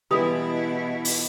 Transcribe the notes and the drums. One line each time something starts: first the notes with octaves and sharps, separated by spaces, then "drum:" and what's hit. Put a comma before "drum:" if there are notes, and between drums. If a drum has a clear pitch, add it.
B2 E3 G3 G#3 E4 G4 B5 D#6
drum: open hi-hat